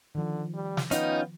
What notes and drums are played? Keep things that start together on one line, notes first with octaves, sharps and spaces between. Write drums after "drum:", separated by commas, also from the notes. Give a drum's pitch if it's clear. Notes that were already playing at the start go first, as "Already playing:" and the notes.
D3 D#3 F3
G3
drum: snare
B3 C#4 D#4 F4 G5, drum: hi-hat